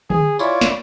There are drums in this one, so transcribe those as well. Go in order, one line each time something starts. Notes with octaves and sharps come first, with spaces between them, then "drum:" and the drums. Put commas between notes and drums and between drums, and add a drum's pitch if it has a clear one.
G#4, drum: tom D3
E4 F4 C#5 D5, drum: tambourine
drum: snare